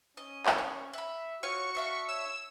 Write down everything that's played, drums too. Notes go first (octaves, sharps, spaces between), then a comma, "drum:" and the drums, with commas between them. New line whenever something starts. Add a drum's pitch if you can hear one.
C#4 D#5
drum: clap
C#5
E5 F#5 B5
F4 F#4 C#5 C#6 F6
D4 E5 F5
C#5 E6